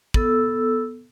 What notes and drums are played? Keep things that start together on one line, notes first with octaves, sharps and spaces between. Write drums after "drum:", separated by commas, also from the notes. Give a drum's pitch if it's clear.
B3 A4 E6, drum: kick